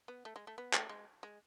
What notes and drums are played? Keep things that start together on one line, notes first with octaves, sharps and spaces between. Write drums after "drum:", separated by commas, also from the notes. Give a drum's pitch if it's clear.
B3
A3
G#3
A3
B3
A3, drum: clap
G#3
G#3